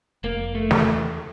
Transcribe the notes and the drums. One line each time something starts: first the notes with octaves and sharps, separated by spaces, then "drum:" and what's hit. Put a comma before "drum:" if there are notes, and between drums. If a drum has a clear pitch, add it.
F1 A#3
A3
E2 E3, drum: snare